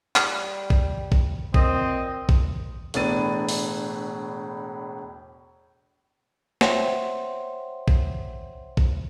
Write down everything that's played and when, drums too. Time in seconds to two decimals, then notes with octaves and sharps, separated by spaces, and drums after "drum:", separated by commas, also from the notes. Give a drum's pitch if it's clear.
0.16 G3 F6, drum: clap
0.70 drum: kick
1.12 drum: kick
1.54 A#2 C4 D#5, drum: kick
2.29 drum: kick
2.94 E1 A2 B3 D4 A6 D#7, drum: hi-hat
3.49 drum: open hi-hat
6.61 C5 C#5 E5 F#5 G5 C6, drum: snare
7.88 drum: kick
8.77 drum: kick